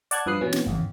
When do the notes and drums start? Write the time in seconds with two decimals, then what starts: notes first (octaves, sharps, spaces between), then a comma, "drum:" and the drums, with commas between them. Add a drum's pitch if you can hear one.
0.11 D5 F#5 A5 F#6 G#6, drum: hi-hat
0.26 G2 F3 B4 D#6 F#6 C7
0.41 B2 E3 F#3 C#4
0.53 drum: snare
0.66 G#1 E2 C#3